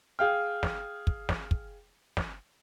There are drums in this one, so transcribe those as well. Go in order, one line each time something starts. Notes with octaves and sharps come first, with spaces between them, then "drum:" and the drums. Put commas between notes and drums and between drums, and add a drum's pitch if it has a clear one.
G#4 F5 G5 F6
drum: snare
drum: kick
drum: snare
drum: kick
drum: snare